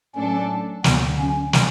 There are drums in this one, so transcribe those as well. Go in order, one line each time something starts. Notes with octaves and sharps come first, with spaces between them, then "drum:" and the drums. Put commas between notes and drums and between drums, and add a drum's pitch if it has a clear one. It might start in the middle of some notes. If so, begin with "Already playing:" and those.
A2 F#3 A3 C#4 D4 A4
D2 D3 F#3 B3, drum: snare
C#4
drum: snare